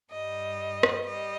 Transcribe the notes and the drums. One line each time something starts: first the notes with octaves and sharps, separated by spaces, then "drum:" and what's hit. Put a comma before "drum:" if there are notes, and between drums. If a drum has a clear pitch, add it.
G2 G3 D#5
drum: rim click
G3 D#5